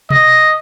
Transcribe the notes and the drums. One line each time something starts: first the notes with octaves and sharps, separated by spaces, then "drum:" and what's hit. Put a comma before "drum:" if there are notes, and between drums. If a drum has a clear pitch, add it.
D#5, drum: tom B2